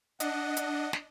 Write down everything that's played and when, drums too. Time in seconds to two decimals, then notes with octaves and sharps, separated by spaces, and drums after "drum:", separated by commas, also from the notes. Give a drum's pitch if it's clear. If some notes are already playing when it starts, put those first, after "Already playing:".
0.20 D4 D#5 F#5, drum: hi-hat
0.57 drum: hi-hat
0.93 drum: snare